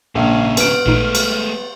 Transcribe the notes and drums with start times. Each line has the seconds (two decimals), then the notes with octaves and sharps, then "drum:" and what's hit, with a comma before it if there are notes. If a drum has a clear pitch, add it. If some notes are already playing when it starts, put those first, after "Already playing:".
0.15 A#1 G#2 C#3 F5
0.57 B3 F6 D7, drum: cymbal
0.86 A1 A#2 G#3 A3 D#4
1.15 drum: cymbal